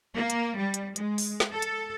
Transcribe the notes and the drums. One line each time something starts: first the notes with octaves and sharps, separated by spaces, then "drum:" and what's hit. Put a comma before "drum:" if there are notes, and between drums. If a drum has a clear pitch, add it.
A#3
drum: hi-hat
G3
drum: hi-hat
G#3, drum: hi-hat
drum: open hi-hat
drum: snare
A4
drum: hi-hat